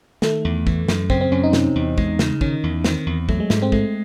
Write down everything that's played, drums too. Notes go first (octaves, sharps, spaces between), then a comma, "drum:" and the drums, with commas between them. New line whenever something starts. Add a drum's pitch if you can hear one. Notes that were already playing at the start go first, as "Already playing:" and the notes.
D#3 A3, drum: snare
E2
E3, drum: kick
F#2, drum: snare
C#3 C4, drum: kick
C4
F#2 C#4
D#4
C3, drum: snare
E2
G#3, drum: kick
C#3, drum: snare
D#3 C#4, drum: kick
E2
D#3 C4, drum: snare
E2
F#3 A3, drum: kick
G#3
G#2 A3, drum: snare
C4
G#3 A3, drum: kick